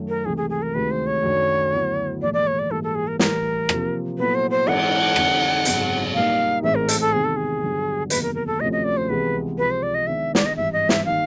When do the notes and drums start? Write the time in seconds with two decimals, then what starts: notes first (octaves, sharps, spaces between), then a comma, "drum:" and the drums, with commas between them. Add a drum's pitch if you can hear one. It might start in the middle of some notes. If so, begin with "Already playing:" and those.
Already playing: F#2 D#3 F#3 A3
0.08 A#4
0.25 C#2 C3 E3 A3 G#4
0.37 G#4
0.50 G#4
0.62 A#4
0.74 D2 C3 D#3 G#3 B4
0.91 C5
1.07 C#5
1.23 F#2 D#3 F#3 A3 D4
1.73 D2 D3 F#3 B3 E4
2.22 A#1 G#2 E3 A3 D5
2.33 D5
2.47 C#5
2.59 D5
2.71 A#1 G#2 E3 G3 A#3 A4
2.83 A4
2.95 G#4
3.07 A#4
3.19 A2 E3 G3 A#4, drum: snare
3.69 C3 F3 A#3, drum: rim click
4.18 A#2 F#3 B3 E4 A4 B4
4.35 C5
4.51 C5
4.67 G#2 E3 G#3 C4 E4 F#5, drum: cymbal
5.16 F2 D3 G3 C4 D#4, drum: rim click
5.65 G#1 F#2 C#3 F#3 B3, drum: hi-hat
6.14 A#1 A#2 G3 A#3 D#4 F5
6.63 A1 G#2 E3 G#3 C4 E5
6.75 A#4
6.89 A4, drum: hi-hat
7.01 A4
7.12 E2 C3 D#3 G#3 G#4
7.24 A4
7.36 G#4
7.61 G2 D3 F#3 B3
8.10 F#1 E2 C3 D#3 F#3 B4, drum: hi-hat
8.23 A#4
8.35 A#4
8.47 A4
8.59 D2 C3 F3 A3 C#4 D#5
8.72 D#5
8.84 D5
8.97 C5
9.08 C#2 C3 E3 G#3 B3 B4
9.58 C#2 C3 F3 B4
9.71 C5
9.83 D5
9.94 D#5
10.07 D#3 G#3 B3 D4 E5
10.35 D5, drum: snare
10.46 D#5
10.56 G#1 G2 E3 E5
10.73 D#5
10.89 E5, drum: snare
11.05 D#3 G3 A#3 D#4 G4 F5